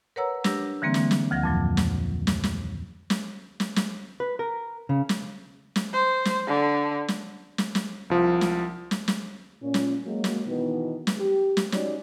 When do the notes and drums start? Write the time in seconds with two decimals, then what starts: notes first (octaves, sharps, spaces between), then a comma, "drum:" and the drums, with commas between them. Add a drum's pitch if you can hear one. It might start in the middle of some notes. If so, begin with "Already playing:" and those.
0.16 A#4 B4 C#5 F#5 A#5 E6
0.44 D4 G4 E6 A#6, drum: snare
0.82 D3 E3 G3 A#3 C4
0.94 drum: snare
1.11 drum: snare
1.31 D2 D#3 F3 F#5 A#6
1.43 F2 A#2 F#3
1.77 drum: snare
2.27 drum: snare
2.44 drum: snare
3.10 drum: snare
3.60 drum: snare
3.76 drum: snare
4.20 B4
4.39 A#4
4.89 C#3
5.09 drum: snare
5.76 drum: snare
5.93 C5
6.25 drum: snare
6.47 D3
7.08 drum: snare
7.58 drum: snare
7.75 drum: snare
8.10 C2 F3
8.41 drum: snare
8.91 drum: snare
9.08 drum: snare
9.62 A#2 C#4
9.74 drum: snare
10.05 F#3 G#3 A#3
10.24 drum: snare
10.46 B2 D#3 E3 B3
11.07 drum: snare
11.17 G4
11.57 drum: snare
11.72 C#4 D#4 F#4 G4 C#5 D5, drum: snare